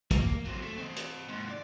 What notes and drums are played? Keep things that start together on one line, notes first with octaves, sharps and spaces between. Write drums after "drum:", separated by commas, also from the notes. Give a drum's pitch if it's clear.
A#3, drum: kick, hi-hat
F#3 C4
A3
C4 D#5
drum: hi-hat
D#2 G#2
D5